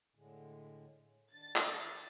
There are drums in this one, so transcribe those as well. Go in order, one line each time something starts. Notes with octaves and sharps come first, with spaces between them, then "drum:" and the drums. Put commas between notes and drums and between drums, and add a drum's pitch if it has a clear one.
A2 D3 G#3
D#3 D4 A6
drum: clap